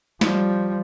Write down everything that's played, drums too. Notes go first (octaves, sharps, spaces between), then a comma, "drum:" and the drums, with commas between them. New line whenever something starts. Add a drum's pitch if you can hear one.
F3 G3, drum: snare